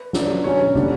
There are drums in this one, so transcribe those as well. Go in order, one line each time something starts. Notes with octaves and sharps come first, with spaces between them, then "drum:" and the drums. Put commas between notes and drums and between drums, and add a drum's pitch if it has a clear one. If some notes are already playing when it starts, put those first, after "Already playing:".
Already playing: B4
D3 F#3 B3 D4, drum: snare
B2 F#3 C#4 C#5
D3 G3 D4, drum: tom